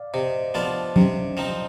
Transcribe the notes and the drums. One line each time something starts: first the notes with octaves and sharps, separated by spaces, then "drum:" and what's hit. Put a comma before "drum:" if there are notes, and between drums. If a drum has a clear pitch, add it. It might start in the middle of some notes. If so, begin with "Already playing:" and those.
Already playing: D5 F5
C3 C5 D#5
F3 B3 D4 F4
C3, drum: tom F#3
F3 C4 D#4